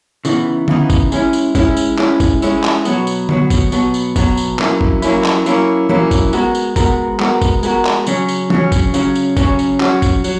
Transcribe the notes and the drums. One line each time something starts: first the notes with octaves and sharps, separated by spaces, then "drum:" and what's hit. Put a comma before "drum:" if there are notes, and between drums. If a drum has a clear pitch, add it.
C#3 E3 B3 D#4, drum: tambourine
C#3 E3 B3 D#4, drum: tom D3
drum: kick, tambourine
G#3 C#4 E4, drum: tambourine
drum: tambourine
G#3 C#4 E4, drum: kick, tambourine
drum: tambourine
G#3 C#4 E4, drum: clap
drum: kick, tambourine
G#3 C#4 E4, drum: tambourine
drum: clap
B2 F#3 B3, drum: tambourine
drum: tambourine
B2 F#3 B3, drum: tom D3
drum: kick, tambourine
B2 F#3 B3, drum: tambourine
drum: tambourine
B2 F#3 B3, drum: kick, tambourine
drum: tambourine
F#3 A#3 C#4 E4, drum: clap
drum: kick
F#3 A#3 C#4 E4, drum: tambourine
drum: clap
F#3 A#3 C#4 E4, drum: tambourine
F#3 A#3 C#4 E4, drum: tom E3
drum: kick, tambourine
G#3 B3 F#4 A#4, drum: tambourine
drum: tambourine
G#3 B3 F#4 A#4, drum: kick, tambourine
G#3 B3 F#4 A#4, drum: clap
drum: kick, tambourine
G#3 B3 F#4 A#4, drum: tambourine
drum: clap
C#3 F#3 C#4, drum: tambourine
drum: tambourine
C#3 F#3 C#4, drum: tom E3
drum: kick, tambourine
C#3 F#3 C#4, drum: tambourine
drum: tambourine
C#3 F#3 C#4, drum: kick, tambourine
drum: tambourine
F#3 C#4 F#4, drum: clap
drum: kick, tambourine
F#3, drum: tambourine